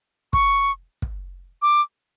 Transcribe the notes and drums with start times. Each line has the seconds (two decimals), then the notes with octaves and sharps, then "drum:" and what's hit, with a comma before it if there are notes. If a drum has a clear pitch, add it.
0.33 C#6, drum: kick
1.02 drum: kick
1.62 D6